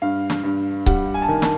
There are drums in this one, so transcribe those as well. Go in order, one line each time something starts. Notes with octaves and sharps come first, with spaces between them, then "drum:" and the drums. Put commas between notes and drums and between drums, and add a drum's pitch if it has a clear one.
G2 F5
drum: snare
G2
G3 F#5, drum: kick C#1
G#5
A5
D#3 G#5
A5, drum: snare